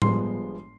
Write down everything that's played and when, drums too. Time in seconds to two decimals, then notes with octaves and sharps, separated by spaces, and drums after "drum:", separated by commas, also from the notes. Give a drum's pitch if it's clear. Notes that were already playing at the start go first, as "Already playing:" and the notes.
0.02 G1 G2 F3 G#3 B3 C6, drum: tom A2